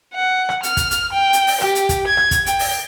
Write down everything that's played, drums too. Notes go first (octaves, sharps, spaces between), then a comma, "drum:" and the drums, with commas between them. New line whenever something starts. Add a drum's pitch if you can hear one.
F#5
drum: rim click
F6, drum: hi-hat
drum: kick, hi-hat
drum: hi-hat
G5
drum: hi-hat
drum: open hi-hat
G4, drum: rim click
drum: hi-hat
drum: kick, hi-hat
G#6
drum: rim click
drum: kick, hi-hat
G5, drum: hi-hat
drum: open hi-hat